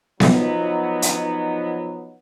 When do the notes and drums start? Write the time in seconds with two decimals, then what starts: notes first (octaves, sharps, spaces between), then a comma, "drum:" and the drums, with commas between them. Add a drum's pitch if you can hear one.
0.20 F3 F#3 B3 D#4, drum: snare B3
1.02 drum: hi-hat